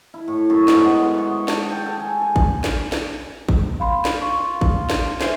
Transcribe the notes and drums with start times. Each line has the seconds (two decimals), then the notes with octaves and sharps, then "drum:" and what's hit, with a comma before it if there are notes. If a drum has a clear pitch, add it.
0.14 E4
0.28 A2
0.50 F#2
0.68 G#2, drum: snare
0.81 B3
1.03 C6
1.18 C#6
1.48 A4, drum: snare
1.71 G5
1.86 A4
2.00 G#5
2.22 G#5
2.36 drum: kick G#1
2.64 drum: snare
2.92 drum: snare
3.49 drum: kick G#1
3.80 F5 B5 C6
4.05 drum: snare
4.22 F4 C#6
4.61 drum: kick G#1
4.90 drum: snare
5.21 B4 C5 E5 G#5 C6, drum: snare